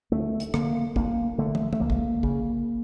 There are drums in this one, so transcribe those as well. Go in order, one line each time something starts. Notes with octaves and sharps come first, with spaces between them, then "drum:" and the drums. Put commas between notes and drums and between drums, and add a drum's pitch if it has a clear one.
D2 A3
drum: hi-hat
D3 A#3, drum: rim click
D2 A#3, drum: kick
D3 A3
drum: tom
A3, drum: tom
C#2 A#3
drum: kick
C#3, drum: kick